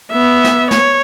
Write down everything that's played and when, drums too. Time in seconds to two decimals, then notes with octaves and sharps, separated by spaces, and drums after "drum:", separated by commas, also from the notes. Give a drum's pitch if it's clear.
0.12 B3 E5
0.44 drum: snare
0.71 C#5, drum: snare